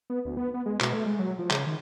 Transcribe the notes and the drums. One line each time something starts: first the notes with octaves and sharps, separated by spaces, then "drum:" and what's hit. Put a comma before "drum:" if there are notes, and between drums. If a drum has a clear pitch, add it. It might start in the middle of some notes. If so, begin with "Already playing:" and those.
B3
D2
B3
B3
G#3
B2, drum: clap
A3
G#3
F#3
F3
C#3, drum: clap
D#3